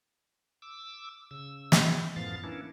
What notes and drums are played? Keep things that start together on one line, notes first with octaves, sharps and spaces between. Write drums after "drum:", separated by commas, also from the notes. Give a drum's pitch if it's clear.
D6 E6
C#3 E6
drum: snare
F#2 A2 F3 B3 F5 A6
E3 A#3 C#4 D4 E4